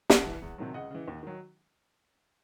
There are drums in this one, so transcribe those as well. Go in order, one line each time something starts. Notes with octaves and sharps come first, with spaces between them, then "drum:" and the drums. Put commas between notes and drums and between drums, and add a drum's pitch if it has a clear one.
F#2 F#5 A5, drum: snare
E3
E2
C3 D#3 F#3
C#2 D#5 F#5
C#3 E3
D#2
D#3 F#3